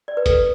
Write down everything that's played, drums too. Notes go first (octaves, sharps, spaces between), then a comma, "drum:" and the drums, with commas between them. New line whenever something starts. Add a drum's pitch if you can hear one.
D5
B4
A4, drum: kick G1, hi-hat